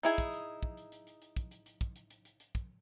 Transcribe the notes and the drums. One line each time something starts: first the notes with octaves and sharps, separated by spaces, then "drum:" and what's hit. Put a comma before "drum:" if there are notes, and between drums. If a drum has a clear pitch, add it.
D#4 E4 G#4
drum: kick, hi-hat
drum: hi-hat
drum: kick
drum: hi-hat
drum: hi-hat
drum: hi-hat
drum: hi-hat
drum: kick, hi-hat
drum: hi-hat
drum: hi-hat
drum: kick, hi-hat
drum: hi-hat
drum: hi-hat
drum: hi-hat
drum: hi-hat
drum: kick, hi-hat